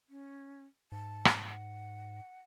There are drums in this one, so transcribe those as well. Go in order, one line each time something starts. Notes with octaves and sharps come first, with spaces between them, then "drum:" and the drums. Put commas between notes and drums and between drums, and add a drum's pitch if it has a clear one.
C#4
G#2 A5
drum: rim click
F#5